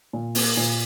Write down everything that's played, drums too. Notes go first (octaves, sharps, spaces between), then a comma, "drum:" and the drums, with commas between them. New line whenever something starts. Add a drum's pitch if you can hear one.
A#2
A#3, drum: open hi-hat
A#2